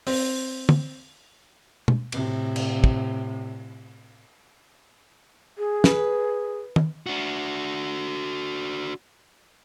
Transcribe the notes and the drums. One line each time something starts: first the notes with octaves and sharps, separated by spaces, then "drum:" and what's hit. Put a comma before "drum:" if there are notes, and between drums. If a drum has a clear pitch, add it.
C4, drum: open hi-hat
drum: tom
drum: tom B2
A2 C3, drum: cymbal
drum: cymbal
drum: kick
G#4
B4, drum: snare
drum: tom
D4 F#4